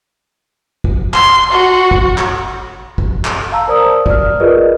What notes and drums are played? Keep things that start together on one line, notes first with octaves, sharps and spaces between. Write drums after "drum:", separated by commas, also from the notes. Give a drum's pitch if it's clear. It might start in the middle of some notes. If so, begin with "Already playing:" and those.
drum: kick
C6, drum: clap
F#4
drum: kick
drum: clap
drum: kick
drum: clap
F5 A5 A#5 E6
A#4 C5 D5 D#6
D5 F6, drum: kick
F4 G#4 A#4 B4 D5 D#5